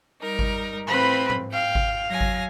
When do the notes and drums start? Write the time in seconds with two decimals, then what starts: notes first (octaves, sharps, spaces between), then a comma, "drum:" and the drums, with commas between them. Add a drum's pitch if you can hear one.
0.22 G3 D#4 A#4
0.39 drum: kick G#1
0.87 A2 C4 F4 B4 B5
1.30 drum: tom G#2
1.53 F5 G5
1.75 drum: kick G#1
2.09 F#3 G#5 A#6
2.21 drum: kick G#1